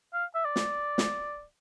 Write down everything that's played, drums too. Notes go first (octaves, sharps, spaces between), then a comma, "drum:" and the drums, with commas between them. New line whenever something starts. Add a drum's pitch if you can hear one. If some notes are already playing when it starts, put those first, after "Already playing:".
F5
E5
D5
drum: snare
drum: snare